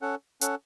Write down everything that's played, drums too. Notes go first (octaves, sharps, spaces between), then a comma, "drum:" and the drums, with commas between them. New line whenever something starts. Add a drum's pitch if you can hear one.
C#4 A4 F#5
C#4 A4 F#5, drum: hi-hat